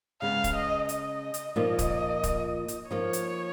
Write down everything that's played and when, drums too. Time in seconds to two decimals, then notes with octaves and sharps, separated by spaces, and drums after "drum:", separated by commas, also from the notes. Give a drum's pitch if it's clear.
0.22 C#3 G#3 B3 F5
0.44 drum: kick, hi-hat
0.55 D#5
0.89 D#5, drum: hi-hat
1.34 drum: hi-hat
1.56 A#2 F3 A#3 D#4 D#5
1.79 drum: kick, hi-hat
2.23 drum: kick, hi-hat
2.68 drum: hi-hat
2.91 F3 A#3 D#4 C#5
3.13 drum: hi-hat